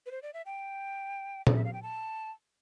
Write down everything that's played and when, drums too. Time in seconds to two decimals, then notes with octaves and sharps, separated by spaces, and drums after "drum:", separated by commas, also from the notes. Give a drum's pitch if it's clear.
0.06 B4
0.11 C5
0.23 D5
0.34 E5
0.46 G5
1.47 D5, drum: tom A#2
1.55 E5
1.64 F5
1.73 G5
1.82 A5